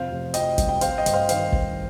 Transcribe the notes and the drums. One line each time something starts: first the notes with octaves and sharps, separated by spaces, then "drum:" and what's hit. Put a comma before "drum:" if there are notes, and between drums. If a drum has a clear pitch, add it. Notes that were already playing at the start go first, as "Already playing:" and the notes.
Already playing: F2 C3 C4 C5 F5
F1
F2 D#5 G5, drum: hi-hat
G3, drum: kick, hi-hat
G5
C4 C5 F5, drum: hi-hat
D#5 G5
G2, drum: hi-hat
C5 F5
D#3 C5 F5, drum: hi-hat
G2, drum: kick